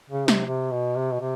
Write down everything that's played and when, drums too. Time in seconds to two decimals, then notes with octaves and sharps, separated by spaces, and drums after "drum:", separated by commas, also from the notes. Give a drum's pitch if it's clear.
0.10 C#3
0.28 C3, drum: snare
0.46 C3
0.71 B2
0.96 C3
1.12 B2
1.21 C3